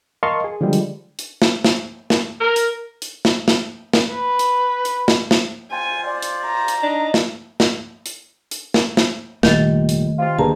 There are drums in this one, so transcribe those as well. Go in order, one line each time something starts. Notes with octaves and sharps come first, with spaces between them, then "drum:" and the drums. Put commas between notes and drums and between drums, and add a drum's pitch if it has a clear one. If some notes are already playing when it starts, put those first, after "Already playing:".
A#4 D#5 F5 A5 C6 C#6
G#4
D3 F3 G3 G#3
drum: hi-hat
drum: hi-hat
drum: snare
drum: snare
drum: snare
A#4
drum: hi-hat
drum: hi-hat
drum: snare
drum: snare
drum: snare
B4
drum: hi-hat
drum: hi-hat
drum: snare
drum: snare
F4 C5 G#5
D5
drum: hi-hat
A#5
drum: hi-hat
D4 D#4
drum: snare
drum: snare
drum: hi-hat
drum: hi-hat
drum: snare
drum: snare
F1 A#2 D#3 G3 A3 A6, drum: snare
drum: hi-hat
C3 F4
D2 G2 D3 A#3 G#4 A5 A#5